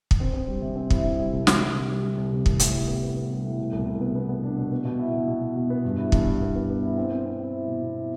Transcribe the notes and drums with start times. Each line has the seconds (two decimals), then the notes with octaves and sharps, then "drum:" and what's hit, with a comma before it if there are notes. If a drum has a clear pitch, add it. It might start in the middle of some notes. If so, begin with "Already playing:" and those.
0.11 drum: kick
0.20 C4
0.33 C4
0.48 G3
0.62 C3
0.76 C4
0.90 E4, drum: kick
1.04 C4
1.19 G3
1.33 C2
1.47 C3, drum: snare
1.61 C3
1.75 C3
1.90 G3
2.03 G3
2.17 C2
2.32 C2
2.46 A2, drum: kick
2.59 A2, drum: hi-hat
2.74 G3
2.87 B3
3.02 B3
3.16 B3
3.31 G3
3.45 A2
3.58 B2
3.73 C2
3.86 C2
4.01 B3
4.15 B3
4.29 B3
4.43 D4
4.57 B2
4.72 B3
4.85 B2
4.99 E4
5.14 B2
5.27 B2
5.41 B2
5.56 B2
5.70 B3
5.85 G2
5.98 E4
6.12 G2, drum: kick
6.27 E4
6.41 B3
6.55 B3
6.69 B3
6.83 E4
6.98 C4
7.11 C4
7.26 C4
7.40 C4
7.53 E4
7.68 B2
7.82 B2
7.96 E4